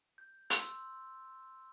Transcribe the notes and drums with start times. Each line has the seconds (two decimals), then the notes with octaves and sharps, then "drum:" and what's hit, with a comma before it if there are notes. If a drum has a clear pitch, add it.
0.18 G6
0.50 C6 E6 A6, drum: hi-hat